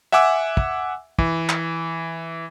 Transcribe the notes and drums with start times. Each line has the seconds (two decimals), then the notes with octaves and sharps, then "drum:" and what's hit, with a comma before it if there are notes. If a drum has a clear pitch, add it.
0.12 E5 F#5 G#5 D6 E6
0.57 drum: kick
1.19 E3, drum: kick
1.49 drum: clap